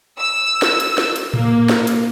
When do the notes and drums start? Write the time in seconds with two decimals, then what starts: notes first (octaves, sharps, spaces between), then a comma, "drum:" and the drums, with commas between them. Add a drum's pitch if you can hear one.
0.20 E6
0.62 drum: snare
0.80 drum: hi-hat
0.98 drum: snare
1.16 drum: hi-hat
1.34 A#3, drum: tom A2
1.69 drum: snare
1.87 drum: hi-hat